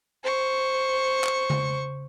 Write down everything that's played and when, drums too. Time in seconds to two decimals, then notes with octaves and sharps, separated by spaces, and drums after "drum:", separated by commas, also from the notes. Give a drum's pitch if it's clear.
0.23 C5 C#6
1.24 drum: clap
1.50 drum: tom C#3